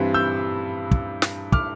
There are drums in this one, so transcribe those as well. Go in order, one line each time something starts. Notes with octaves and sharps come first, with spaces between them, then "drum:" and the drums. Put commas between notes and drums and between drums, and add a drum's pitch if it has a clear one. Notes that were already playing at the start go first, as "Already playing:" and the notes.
Already playing: G2 E3 G3 C4
E6 G6
drum: kick
drum: snare
D6 F6, drum: kick